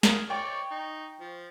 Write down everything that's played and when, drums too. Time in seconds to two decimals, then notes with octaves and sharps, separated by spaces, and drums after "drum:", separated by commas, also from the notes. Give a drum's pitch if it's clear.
0.03 G#4 A#4, drum: snare
0.30 C#5 D5 G5 C#6
0.71 D#4
1.20 F3